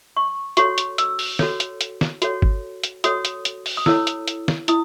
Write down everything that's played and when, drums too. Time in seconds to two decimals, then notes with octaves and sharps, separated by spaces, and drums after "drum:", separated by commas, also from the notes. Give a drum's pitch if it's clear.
0.17 C#6
0.57 F#4 A4 C#5 C#6, drum: hi-hat
0.78 drum: hi-hat
0.98 E6, drum: hi-hat
1.19 drum: open hi-hat
1.39 F#4 A4 C#5, drum: snare
1.60 drum: hi-hat
1.81 drum: hi-hat
2.01 drum: snare
2.22 F#4 A4 C#5, drum: hi-hat
2.42 drum: kick
2.83 drum: hi-hat
3.04 F#4 A4 C#5 D#6, drum: hi-hat
3.25 drum: hi-hat
3.45 drum: hi-hat
3.66 drum: open hi-hat
3.77 D#6
3.86 E4 A4 C#5 E6, drum: snare
4.07 drum: hi-hat
4.28 drum: hi-hat
4.48 drum: snare
4.68 E4 D#6, drum: hi-hat